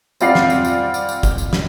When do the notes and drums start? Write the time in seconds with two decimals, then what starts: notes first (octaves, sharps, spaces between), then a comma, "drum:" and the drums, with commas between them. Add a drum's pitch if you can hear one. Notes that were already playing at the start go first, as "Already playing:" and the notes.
0.21 G3 C4 F4 D5 F#5 C7, drum: tambourine
0.35 drum: snare
0.50 drum: tambourine
0.65 drum: tambourine
0.94 drum: tambourine
1.09 drum: tambourine
1.23 drum: kick, tambourine
1.38 drum: tambourine
1.53 drum: snare